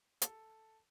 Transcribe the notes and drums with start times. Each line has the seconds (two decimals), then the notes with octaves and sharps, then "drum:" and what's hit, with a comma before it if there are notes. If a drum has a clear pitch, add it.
0.22 A4, drum: hi-hat